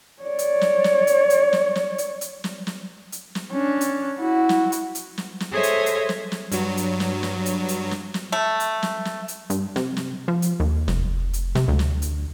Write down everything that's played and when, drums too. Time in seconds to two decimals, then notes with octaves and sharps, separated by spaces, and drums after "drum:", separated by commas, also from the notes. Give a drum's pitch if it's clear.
0.22 C#5 D5
0.39 drum: hi-hat
0.61 drum: snare
0.84 drum: snare
1.07 drum: hi-hat
1.30 drum: hi-hat
1.53 drum: snare
1.75 drum: snare
1.98 drum: hi-hat
2.21 drum: hi-hat
2.44 drum: snare
2.67 drum: snare
3.12 drum: hi-hat
3.35 drum: snare
3.51 C#4 D4
3.81 drum: hi-hat
4.19 E4 F#4
4.49 drum: snare
4.72 drum: hi-hat
4.95 drum: hi-hat
5.18 drum: snare
5.40 drum: snare
5.52 G#4 A4 C5 C#5 D#5 E5
5.63 drum: hi-hat
5.86 drum: hi-hat
6.09 drum: snare
6.32 drum: snare
6.52 G2 F#3, drum: hi-hat
6.77 drum: hi-hat
7.00 drum: snare
7.23 drum: snare
7.46 drum: hi-hat
7.68 drum: hi-hat
7.91 drum: snare
8.14 drum: snare
8.32 A3
8.60 drum: hi-hat
8.83 drum: snare
9.05 drum: snare
9.28 drum: hi-hat
9.50 G2, drum: hi-hat
9.76 C3, drum: snare
9.97 drum: snare
10.28 F3
10.42 drum: hi-hat
10.60 D#2
10.88 F1, drum: snare
11.33 drum: hi-hat
11.55 C3, drum: snare
11.68 D2
11.79 drum: snare
12.02 drum: hi-hat